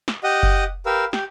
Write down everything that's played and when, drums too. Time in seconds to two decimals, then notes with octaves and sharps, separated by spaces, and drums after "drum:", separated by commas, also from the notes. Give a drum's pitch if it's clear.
0.08 drum: snare
0.24 G4 D#5 F#5 D#6
0.43 drum: kick F#1
0.86 G4 A#4 B4 F5 E6
1.13 G4, drum: snare